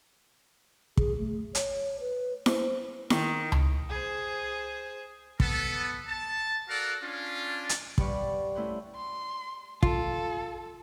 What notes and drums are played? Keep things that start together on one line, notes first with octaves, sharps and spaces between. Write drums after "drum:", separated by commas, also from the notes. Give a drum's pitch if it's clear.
G#4, drum: kick
A3
C#5, drum: hi-hat
B4
C5, drum: snare E4
D#3, drum: snare E4
drum: tom C#2
G#4 C5
B3 A4, drum: kick
A5
F#4 A4 A#4 D5 F5 F#5
C#4 D4 F4
drum: hi-hat
G2 G4 B4 D5 F#5 C#6, drum: kick
A3 C#4 E4 C5 F#5
C6
F4 A4, drum: kick